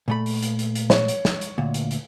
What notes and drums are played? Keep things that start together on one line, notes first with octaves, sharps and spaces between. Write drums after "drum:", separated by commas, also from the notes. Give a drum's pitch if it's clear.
A#2 A3 B5
drum: open hi-hat
drum: hi-hat
drum: hi-hat
drum: hi-hat
C#5, drum: snare
drum: hi-hat
drum: snare
drum: hi-hat
D2 A#2
drum: hi-hat
drum: hi-hat